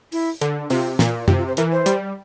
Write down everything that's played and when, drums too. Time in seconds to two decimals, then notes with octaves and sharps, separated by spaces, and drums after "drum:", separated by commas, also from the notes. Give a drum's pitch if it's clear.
0.12 E4, drum: open hi-hat
0.41 D3, drum: hi-hat
0.70 C3 F4, drum: open hi-hat
0.99 A#2, drum: snare
1.28 C3 F4, drum: tom F#2
1.38 F4
1.48 C5
1.57 E3 A#4, drum: hi-hat
1.72 C5
1.86 G3, drum: hi-hat